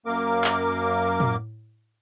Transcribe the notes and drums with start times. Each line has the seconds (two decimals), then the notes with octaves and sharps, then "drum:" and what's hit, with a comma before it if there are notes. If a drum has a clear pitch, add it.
0.06 F#2 A#3 A#4 D6
0.44 drum: clap
1.20 drum: tom